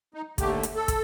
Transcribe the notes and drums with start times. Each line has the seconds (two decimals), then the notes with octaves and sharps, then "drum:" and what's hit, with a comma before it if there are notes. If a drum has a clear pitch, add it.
0.14 D#4
0.38 D#2 D3 A3 G4, drum: kick, hi-hat
0.63 drum: hi-hat
0.76 A4
0.88 drum: kick, hi-hat